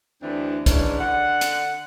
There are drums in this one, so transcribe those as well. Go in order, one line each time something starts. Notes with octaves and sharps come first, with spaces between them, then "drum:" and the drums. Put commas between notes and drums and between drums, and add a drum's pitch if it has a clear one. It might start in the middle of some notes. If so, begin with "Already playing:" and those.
D2 E3 C4 D4
G#2 E3 C#4 D4, drum: kick, hi-hat
D3 F#5
drum: hi-hat